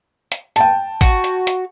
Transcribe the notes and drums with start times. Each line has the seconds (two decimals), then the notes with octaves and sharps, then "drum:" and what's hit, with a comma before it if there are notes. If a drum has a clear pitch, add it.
0.32 drum: hi-hat
0.56 G5 A5, drum: hi-hat
1.01 F#4, drum: kick, hi-hat
1.24 drum: hi-hat
1.47 drum: hi-hat